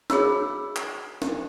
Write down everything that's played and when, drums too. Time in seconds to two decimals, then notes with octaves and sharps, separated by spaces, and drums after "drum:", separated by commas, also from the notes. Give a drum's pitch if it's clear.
0.10 F#4 G#4 C#5 B5 E6, drum: snare
0.76 drum: clap
1.22 drum: snare